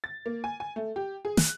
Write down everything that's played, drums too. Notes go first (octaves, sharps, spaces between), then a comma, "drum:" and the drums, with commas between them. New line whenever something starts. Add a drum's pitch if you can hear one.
A6
A#3
G#5
G#5
A3
G4
G#4
F#6, drum: snare